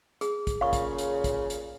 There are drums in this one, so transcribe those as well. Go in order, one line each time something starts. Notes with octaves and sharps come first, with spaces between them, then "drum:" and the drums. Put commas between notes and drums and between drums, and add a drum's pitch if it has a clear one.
G#4, drum: hi-hat
drum: kick, hi-hat
A#2 C#3 F5 C#6
drum: kick, hi-hat
drum: hi-hat
drum: kick, hi-hat
drum: hi-hat